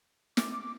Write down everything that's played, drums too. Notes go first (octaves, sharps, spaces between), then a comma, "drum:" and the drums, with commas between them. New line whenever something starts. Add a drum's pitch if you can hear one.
D6, drum: snare